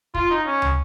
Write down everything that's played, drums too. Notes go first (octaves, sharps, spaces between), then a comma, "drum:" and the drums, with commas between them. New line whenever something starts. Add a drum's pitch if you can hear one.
F4, drum: kick
D#4
C#4
drum: tom